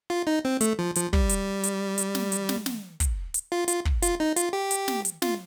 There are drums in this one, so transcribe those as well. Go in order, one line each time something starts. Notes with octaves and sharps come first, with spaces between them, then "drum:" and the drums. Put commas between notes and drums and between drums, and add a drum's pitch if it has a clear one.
F4
D#4
C4
A3, drum: hi-hat
F3
F3, drum: hi-hat
G3, drum: kick
drum: hi-hat
drum: hi-hat
drum: hi-hat
drum: snare
drum: hi-hat
drum: snare
drum: snare
drum: kick, hi-hat
drum: hi-hat
F4
F4, drum: hi-hat
drum: kick
F4, drum: hi-hat
D#4
F4, drum: hi-hat
G4
drum: hi-hat
drum: snare
drum: hi-hat
F4, drum: snare